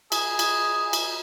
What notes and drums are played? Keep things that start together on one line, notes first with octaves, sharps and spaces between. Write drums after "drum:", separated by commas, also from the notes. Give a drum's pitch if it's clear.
G#4, drum: cymbal
drum: cymbal
drum: cymbal